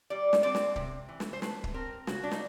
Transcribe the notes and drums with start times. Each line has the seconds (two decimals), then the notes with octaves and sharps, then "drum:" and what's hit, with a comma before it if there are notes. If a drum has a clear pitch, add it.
0.10 G3 D5
0.33 drum: snare
0.43 C4 D5
0.55 drum: snare
0.76 C3, drum: kick
1.09 E3
1.20 drum: snare
1.33 C5
1.42 A3 B4, drum: snare
1.64 drum: kick
1.74 C4 A#4
2.07 C#3 F#4, drum: snare
2.23 D4
2.31 D#4, drum: snare